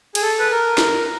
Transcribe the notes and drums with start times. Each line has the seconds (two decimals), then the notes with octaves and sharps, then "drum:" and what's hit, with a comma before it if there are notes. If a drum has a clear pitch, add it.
0.15 G#4, drum: cymbal
0.22 A4
0.39 B4
0.51 A#4
0.78 drum: snare